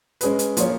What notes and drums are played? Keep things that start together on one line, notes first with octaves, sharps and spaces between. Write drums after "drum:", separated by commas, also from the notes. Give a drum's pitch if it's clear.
G#3 C#4 G#4 B4, drum: hi-hat
drum: hi-hat
F3 A#3 F4 G#4 C#5, drum: hi-hat